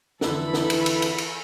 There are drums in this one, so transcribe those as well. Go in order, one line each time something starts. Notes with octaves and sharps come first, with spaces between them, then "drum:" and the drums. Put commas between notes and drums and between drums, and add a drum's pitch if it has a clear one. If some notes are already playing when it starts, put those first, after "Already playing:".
F2 D3 E3 E4 A4 B5, drum: snare
drum: snare
drum: cymbal
drum: cymbal
drum: cymbal
drum: cymbal